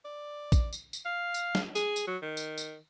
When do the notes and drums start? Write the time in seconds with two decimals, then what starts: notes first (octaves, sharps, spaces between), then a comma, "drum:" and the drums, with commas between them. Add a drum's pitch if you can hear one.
0.05 D5
0.52 drum: kick, tambourine
0.73 drum: tambourine
0.93 drum: tambourine
1.05 F5
1.34 drum: tambourine
1.55 drum: snare
1.75 G#4, drum: tambourine
1.96 drum: tambourine
2.07 F#3
2.22 D#3
2.37 drum: tambourine
2.58 drum: tambourine